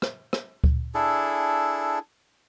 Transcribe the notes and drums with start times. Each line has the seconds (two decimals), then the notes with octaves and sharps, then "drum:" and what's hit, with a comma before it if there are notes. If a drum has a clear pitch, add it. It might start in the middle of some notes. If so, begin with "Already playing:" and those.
0.02 drum: rim click
0.33 drum: rim click
0.64 drum: kick D2
0.94 D4 E4 G#4 A4